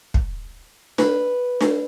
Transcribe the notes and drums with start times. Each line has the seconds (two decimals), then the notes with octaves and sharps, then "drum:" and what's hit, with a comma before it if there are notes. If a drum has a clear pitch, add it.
0.14 drum: kick
0.98 B4, drum: snare D4
1.61 drum: snare D4